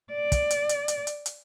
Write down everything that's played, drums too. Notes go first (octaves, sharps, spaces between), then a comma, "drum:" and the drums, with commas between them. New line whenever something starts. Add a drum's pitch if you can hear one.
D5
drum: kick, hi-hat
drum: hi-hat
drum: hi-hat
drum: hi-hat
drum: hi-hat
drum: hi-hat